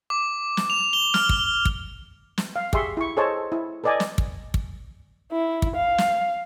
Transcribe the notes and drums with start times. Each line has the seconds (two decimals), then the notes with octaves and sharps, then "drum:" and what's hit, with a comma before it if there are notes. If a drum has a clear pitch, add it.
0.10 D6
0.57 drum: snare
0.70 F7
0.93 G7
1.14 F6, drum: snare
1.29 drum: kick
1.65 drum: kick
2.38 drum: snare
2.56 F5
2.73 G4 G#4 E5 C6 C#6, drum: kick
2.97 E4 C#6
3.17 G#4 A4 C5 C#5 D#5 A5
3.52 E4
3.84 A4 B4 D5 D#5 G#5
4.00 drum: snare
4.18 drum: kick
4.54 drum: kick
5.32 E4
5.62 drum: kick
5.76 F5
5.98 drum: snare